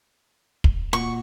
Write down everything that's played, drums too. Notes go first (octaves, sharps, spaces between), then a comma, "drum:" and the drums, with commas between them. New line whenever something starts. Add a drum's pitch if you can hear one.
drum: kick
A#2 F#4 C#6